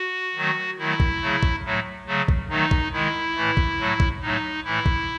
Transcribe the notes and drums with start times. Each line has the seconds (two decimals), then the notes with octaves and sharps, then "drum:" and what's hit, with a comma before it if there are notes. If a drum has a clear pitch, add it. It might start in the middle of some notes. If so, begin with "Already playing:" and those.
Already playing: F#4
0.36 D#3 F#3 A3
0.78 D#3 F#3 A3 E4
1.00 drum: kick
1.21 C#3 F#3 A3
1.43 drum: kick
1.64 A2 F#3 A3
2.07 C#3 F#3 A3
2.28 drum: kick
2.49 D#3 F#3 A3 D#4
2.71 drum: kick
2.93 D#3 G#3 E4
3.35 A2 E3 A3
3.57 drum: kick
3.78 A2 F#3 A3
4.00 drum: kick
4.21 A2 F#3 A3 D#4
4.64 A2 E3 A3 E4
4.86 drum: kick